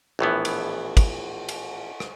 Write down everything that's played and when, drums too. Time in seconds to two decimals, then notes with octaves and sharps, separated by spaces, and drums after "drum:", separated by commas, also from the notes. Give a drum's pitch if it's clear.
0.19 A#1 A2 E3 B3
0.45 drum: cymbal
0.97 drum: kick, cymbal
1.49 drum: cymbal
2.00 drum: rim click